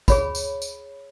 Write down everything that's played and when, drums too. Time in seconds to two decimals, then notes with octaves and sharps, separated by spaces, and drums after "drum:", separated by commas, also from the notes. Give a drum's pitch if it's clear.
0.08 G#4 C#5 B5, drum: kick, tambourine
0.35 drum: tambourine
0.62 drum: tambourine